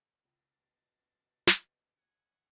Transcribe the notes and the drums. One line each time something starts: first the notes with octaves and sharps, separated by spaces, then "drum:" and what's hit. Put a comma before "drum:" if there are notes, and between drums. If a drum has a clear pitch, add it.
C#2 D4 A#4 A5
B2
drum: snare
F#5 G#5